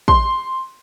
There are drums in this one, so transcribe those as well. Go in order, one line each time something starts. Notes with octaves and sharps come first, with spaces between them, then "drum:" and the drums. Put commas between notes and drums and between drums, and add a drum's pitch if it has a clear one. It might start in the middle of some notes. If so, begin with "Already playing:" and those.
C6, drum: kick